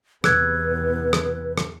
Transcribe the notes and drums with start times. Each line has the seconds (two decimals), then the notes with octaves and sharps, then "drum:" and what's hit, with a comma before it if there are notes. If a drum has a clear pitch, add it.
0.24 E2 C3 B3 B4 E6 F#6 G#6, drum: rim click
1.13 drum: rim click
1.58 drum: rim click